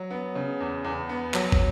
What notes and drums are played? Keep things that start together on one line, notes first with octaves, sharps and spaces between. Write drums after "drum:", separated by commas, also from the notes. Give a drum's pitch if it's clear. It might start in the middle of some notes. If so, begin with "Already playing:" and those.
Already playing: F#3
B3
C#3
E2
E2
B3
F#3, drum: clap
drum: kick